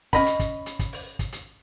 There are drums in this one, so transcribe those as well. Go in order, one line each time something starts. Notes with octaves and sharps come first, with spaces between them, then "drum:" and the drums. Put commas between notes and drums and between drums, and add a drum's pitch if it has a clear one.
C#4 F4 D#5 B5, drum: kick, open hi-hat
drum: hi-hat
drum: kick, hi-hat
drum: hi-hat
drum: kick, hi-hat
drum: open hi-hat
drum: kick, hi-hat
drum: hi-hat